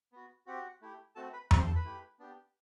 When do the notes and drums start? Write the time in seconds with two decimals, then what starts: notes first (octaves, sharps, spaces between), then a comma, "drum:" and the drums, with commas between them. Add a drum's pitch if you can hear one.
0.12 B3 F#4
0.47 C4 F#4 G4 F#5
0.82 A3 E4 G4
1.15 A3 C4 F#4 A4 A5
1.33 B4 B5
1.51 A3 C4 G4, drum: tom F2
1.59 C5 C6
1.67 A4 A5
1.75 B4 B5
1.85 A3 E4 G4
2.19 B3 D4 G4